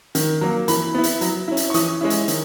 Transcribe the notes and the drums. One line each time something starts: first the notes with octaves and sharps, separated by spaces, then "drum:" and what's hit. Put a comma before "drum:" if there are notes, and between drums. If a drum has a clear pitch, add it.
D#3, drum: hi-hat
F#3 A#3
E3 B5, drum: hi-hat
B3 E4
drum: hi-hat
F#3, drum: hi-hat
C#4 E4
drum: hi-hat
C#6
E3 D#6, drum: hi-hat
G#3 C#4 E4
drum: hi-hat
D#3, drum: hi-hat